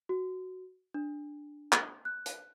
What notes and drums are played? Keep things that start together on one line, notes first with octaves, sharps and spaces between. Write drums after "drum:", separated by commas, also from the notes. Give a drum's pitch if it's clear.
F#4
D4
drum: clap
F#6
drum: hi-hat